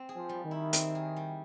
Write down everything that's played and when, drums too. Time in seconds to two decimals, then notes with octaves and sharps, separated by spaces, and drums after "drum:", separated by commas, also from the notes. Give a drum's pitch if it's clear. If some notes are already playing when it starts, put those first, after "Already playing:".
Already playing: C4
0.09 G#4
0.16 F3
0.29 G3
0.45 D#3
0.51 E4
0.73 C4, drum: hi-hat
0.95 G#4
1.16 G3